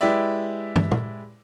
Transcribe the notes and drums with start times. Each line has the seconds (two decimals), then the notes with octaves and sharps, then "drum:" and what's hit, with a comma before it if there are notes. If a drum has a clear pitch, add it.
0.01 G#3 E4 G4 B4 D5 E5
0.76 drum: tom
0.91 drum: tom